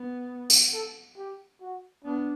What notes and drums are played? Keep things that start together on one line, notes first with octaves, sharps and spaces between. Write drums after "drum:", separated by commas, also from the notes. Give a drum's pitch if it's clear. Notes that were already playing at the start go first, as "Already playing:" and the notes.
Already playing: B3
drum: tambourine
A4
G4
F#4
B3 D4